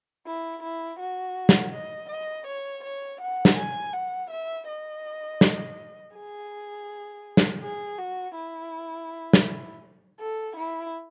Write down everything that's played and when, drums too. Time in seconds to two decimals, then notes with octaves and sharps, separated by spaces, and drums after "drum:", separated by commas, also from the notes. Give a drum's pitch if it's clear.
0.27 E4
0.63 E4
0.99 F#4
1.49 drum: snare
1.73 D#5
2.10 D#5
2.47 C#5
2.84 C#5
3.21 F#5
3.45 drum: snare
3.58 G#5
3.94 F#5
4.31 E5
4.68 D#5
5.41 drum: snare
6.15 G#4
7.37 drum: snare
7.62 G#4
7.98 F#4
8.35 E4
9.33 drum: snare
10.19 A4
10.56 E4